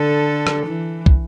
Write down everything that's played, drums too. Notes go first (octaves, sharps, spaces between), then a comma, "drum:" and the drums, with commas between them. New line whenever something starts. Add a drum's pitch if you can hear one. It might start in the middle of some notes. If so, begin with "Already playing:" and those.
Already playing: D3 A4
drum: rim click
E3
drum: kick